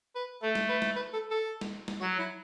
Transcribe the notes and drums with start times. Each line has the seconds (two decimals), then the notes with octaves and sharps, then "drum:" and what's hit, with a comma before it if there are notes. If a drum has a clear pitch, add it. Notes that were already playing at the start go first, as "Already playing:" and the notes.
0.15 B4
0.42 A3 A4
0.55 drum: snare
0.69 B4
0.82 drum: snare
0.96 B4
1.13 A4
1.31 A4
1.61 drum: snare
1.88 drum: snare
2.01 F#3 F#4
2.19 E4